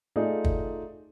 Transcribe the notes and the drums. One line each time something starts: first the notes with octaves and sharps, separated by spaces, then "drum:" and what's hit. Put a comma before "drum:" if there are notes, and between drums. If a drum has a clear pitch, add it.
A3 D#4 F4 G#4 D5
drum: kick